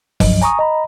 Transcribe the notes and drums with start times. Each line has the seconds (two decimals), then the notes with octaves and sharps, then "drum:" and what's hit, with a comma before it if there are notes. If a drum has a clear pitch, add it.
0.20 G1 C2 G2 F3 F#3 D#5, drum: kick F1, open hi-hat
0.42 G#5 A#5 C#6 D#6, drum: hi-hat
0.59 D#5 A#5 B5